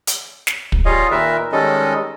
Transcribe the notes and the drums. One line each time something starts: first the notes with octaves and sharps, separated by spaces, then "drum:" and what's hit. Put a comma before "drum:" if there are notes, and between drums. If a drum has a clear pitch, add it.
drum: hi-hat
drum: snare
drum: kick
G3 F4 G#4 C#5 D#5 F5
A#2 D#3 A#4 B4 E5
D#3 G3 G#3 C#4 A4 D#5